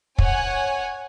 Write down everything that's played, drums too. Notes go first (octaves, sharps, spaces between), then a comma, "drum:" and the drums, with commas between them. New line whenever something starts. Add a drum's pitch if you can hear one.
C#5 F#5 G#5, drum: kick